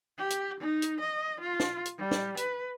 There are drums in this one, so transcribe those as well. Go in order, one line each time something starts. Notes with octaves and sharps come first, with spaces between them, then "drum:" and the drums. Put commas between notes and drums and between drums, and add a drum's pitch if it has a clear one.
G4
drum: hi-hat
D#4
drum: hi-hat
D#5
F4
drum: snare
drum: hi-hat
G3
drum: snare
B4, drum: hi-hat